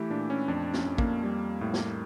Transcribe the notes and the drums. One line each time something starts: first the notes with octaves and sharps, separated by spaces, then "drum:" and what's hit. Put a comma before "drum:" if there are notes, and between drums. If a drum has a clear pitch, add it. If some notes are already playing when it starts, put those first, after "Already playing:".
Already playing: E3 A3 E4 G4
A#2 D4
C#4
F2 D4
C#4, drum: snare
F2
A#3, drum: kick
G3
A2
drum: snare